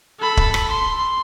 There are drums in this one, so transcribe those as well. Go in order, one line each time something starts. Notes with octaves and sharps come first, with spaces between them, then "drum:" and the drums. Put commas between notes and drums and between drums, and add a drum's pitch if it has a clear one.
A4 B5
drum: kick
drum: rim click
C6